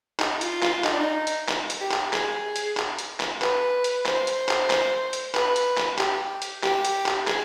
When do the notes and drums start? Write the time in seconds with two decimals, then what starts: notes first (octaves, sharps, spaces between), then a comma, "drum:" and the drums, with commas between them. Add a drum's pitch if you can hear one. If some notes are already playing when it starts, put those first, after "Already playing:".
0.20 D#4, drum: clap
0.41 F4, drum: hi-hat
0.62 F4, drum: clap
0.84 D#4, drum: clap
0.92 D4
1.00 D#4
1.27 drum: hi-hat
1.48 drum: clap
1.70 drum: hi-hat
1.80 G4
1.91 drum: clap
2.13 G#4, drum: clap
2.56 drum: hi-hat
2.77 drum: clap
2.99 drum: hi-hat
3.20 drum: clap
3.42 B4, drum: clap
3.84 drum: hi-hat
4.06 C5, drum: clap
4.27 drum: hi-hat
4.49 drum: clap
4.70 drum: clap
5.13 drum: hi-hat
5.35 B4, drum: clap
5.56 drum: hi-hat
5.77 drum: clap
5.98 G4, drum: clap
6.42 drum: hi-hat
6.63 G4, drum: clap
6.85 drum: hi-hat
7.06 drum: clap
7.27 G#4, drum: clap